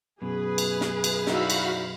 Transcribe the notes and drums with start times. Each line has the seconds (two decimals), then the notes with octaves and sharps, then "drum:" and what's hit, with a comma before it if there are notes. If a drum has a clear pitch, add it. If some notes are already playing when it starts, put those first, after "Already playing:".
0.22 F#2 B2 G#4 B4
0.58 drum: cymbal
0.81 drum: snare
1.04 drum: cymbal
1.27 G3 D#4 E4 F#4 F5 B5, drum: snare
1.50 drum: cymbal